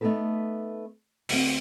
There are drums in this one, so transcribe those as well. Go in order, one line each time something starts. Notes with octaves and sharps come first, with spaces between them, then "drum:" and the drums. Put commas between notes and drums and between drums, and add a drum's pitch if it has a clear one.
A3 B3 C4 D#4 A4 B4
D2 B3 C4, drum: open hi-hat